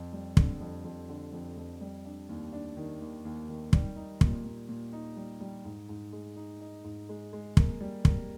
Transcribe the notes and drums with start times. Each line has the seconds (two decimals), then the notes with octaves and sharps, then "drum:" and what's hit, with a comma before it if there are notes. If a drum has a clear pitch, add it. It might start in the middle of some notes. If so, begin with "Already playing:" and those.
Already playing: F2
0.13 G3
0.37 D3, drum: kick
0.61 F2
0.85 F2
1.09 D3
1.33 F2
1.57 F2
1.81 G3
2.05 D4
2.29 D#2
2.53 D4
2.77 D#3
3.01 D#2
3.25 D#2
3.48 D#3
3.73 G3, drum: kick
3.96 D#4
4.21 A#2, drum: kick
4.45 A#2
4.69 A#2
4.93 D#4
5.16 G3
5.40 G3
5.65 G#2
5.89 G#2
6.13 G#3
6.36 D#4
6.61 D#4
6.84 G#2
7.09 G#3
7.33 G#3
7.57 A#3, drum: kick
7.81 G3
8.05 A#3, drum: kick